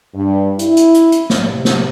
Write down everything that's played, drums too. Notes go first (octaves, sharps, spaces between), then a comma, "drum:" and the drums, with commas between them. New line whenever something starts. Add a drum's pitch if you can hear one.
G2
E4, drum: hi-hat
drum: hi-hat
drum: hi-hat
drum: hi-hat
drum: snare
C3
drum: snare